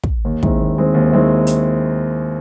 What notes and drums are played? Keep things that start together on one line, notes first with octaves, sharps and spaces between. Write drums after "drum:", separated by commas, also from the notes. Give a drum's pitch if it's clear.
drum: kick
D#2
D#3 G#3 C4 E4, drum: kick
D#2
D#3 G#3 C4 E4
D#2
D#3 G#3 C4 E4
drum: hi-hat